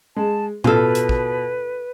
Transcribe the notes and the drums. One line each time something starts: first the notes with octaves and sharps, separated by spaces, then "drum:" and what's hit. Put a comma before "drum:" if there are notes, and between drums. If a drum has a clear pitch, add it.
G#3 A5
B2 F4 A4 B4, drum: tom A2
drum: hi-hat
drum: kick